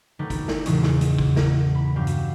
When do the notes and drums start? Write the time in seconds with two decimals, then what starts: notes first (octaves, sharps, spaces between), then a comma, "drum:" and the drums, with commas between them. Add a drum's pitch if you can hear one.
0.19 D#3 F#3 A3 D#4 G4 B4
0.30 drum: kick, hi-hat
0.48 drum: snare
0.66 E2 A#2 C#3 E3 G#3 C#4, drum: hi-hat
0.83 drum: snare
1.01 drum: hi-hat
1.19 drum: kick
1.36 drum: snare
1.75 B5
1.96 G2 F#3 G4 F5
2.07 drum: hi-hat